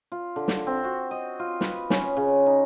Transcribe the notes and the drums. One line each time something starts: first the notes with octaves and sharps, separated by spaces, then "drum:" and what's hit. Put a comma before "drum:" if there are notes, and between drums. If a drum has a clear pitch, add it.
F4
D3
drum: snare
C4
F#4
D#5
F4
B4, drum: snare
C#4, drum: snare
C#3
D#4